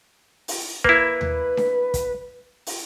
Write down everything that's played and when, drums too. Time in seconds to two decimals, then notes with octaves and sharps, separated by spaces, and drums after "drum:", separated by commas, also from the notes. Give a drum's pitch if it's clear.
0.48 drum: open hi-hat
0.84 A#3 E4 B4, drum: kick
1.21 drum: tom D#2
1.57 drum: snare D4
1.94 drum: kick, hi-hat
2.66 drum: open hi-hat